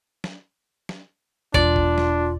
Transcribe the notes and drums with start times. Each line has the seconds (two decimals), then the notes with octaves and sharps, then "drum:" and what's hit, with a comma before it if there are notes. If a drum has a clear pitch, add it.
0.24 drum: snare
0.89 drum: snare
1.54 E1 D4 F4 D5, drum: kick
1.76 drum: kick
1.98 drum: snare